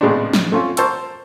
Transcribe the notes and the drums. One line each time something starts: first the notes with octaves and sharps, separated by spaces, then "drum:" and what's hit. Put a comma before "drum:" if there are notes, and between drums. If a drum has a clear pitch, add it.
A2 C#3 G#3 B3 C4 D4
drum: snare
A3 C4 C#4 F4
A#4 C5 A5 C#6 E6, drum: hi-hat